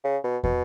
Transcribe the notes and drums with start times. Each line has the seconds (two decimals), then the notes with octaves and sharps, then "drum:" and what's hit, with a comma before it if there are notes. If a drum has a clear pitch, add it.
0.04 C#3
0.24 B2
0.44 B2, drum: kick